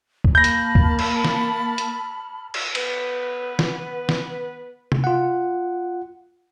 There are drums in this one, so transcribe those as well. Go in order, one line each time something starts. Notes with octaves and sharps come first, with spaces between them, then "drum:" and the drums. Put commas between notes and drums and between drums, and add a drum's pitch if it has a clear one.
drum: kick
A#3 A5 B5 F6 G6 A#6
drum: hi-hat
drum: kick
drum: cymbal
drum: snare
drum: hi-hat
drum: cymbal
B3 B4, drum: cymbal
drum: snare
drum: snare
drum: tom C3
F4 F#5